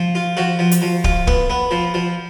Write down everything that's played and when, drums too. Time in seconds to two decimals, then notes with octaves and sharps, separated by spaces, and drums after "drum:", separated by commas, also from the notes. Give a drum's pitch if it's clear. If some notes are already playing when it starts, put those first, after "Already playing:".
Already playing: F3
0.15 F4
0.37 F3 F#4
0.59 F3
0.71 drum: hi-hat
0.82 F3
1.04 F4, drum: kick
1.27 B3, drum: kick
1.50 B3
1.71 F3
1.94 F3